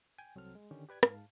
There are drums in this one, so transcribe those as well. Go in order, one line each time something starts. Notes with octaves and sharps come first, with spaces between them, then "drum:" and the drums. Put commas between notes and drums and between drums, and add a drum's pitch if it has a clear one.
G5 G#5
C2 F#3 C4 A4 F6
G#3
D3 D#3 C#4 G4
G4 B4 D5 G#6
G#2 F5 A5, drum: rim click